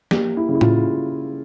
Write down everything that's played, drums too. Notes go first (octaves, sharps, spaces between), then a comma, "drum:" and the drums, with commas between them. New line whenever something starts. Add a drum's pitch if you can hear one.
A#3 G4, drum: snare
E4
C#3
E4
F4, drum: tom A2